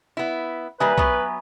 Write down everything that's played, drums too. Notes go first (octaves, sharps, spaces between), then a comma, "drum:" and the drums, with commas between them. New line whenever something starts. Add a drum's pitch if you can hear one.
B3 E4
D#3 G3 A#3 B4 E5 G#5 A#5
F#3 B3, drum: kick